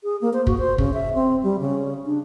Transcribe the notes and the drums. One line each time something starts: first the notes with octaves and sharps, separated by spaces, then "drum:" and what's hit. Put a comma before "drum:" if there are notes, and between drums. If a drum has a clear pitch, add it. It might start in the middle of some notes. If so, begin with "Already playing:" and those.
G#4
A#3
C5
F#4, drum: kick
C5
C#3, drum: kick
E5
C4
G3
C#3
D4